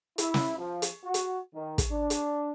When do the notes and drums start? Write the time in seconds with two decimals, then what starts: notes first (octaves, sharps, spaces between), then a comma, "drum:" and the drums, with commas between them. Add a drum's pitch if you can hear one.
0.18 E4, drum: hi-hat
0.34 drum: snare
0.58 F3
0.82 drum: hi-hat
1.04 F#4
1.14 drum: hi-hat
1.55 D#3
1.78 drum: kick, hi-hat
1.91 D4
2.10 drum: hi-hat